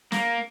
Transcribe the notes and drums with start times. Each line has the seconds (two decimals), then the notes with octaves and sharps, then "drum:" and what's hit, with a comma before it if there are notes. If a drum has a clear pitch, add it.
0.12 A#3, drum: snare